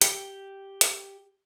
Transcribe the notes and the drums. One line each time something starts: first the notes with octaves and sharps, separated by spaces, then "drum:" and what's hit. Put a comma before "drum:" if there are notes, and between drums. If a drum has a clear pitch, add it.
G4, drum: hi-hat
drum: hi-hat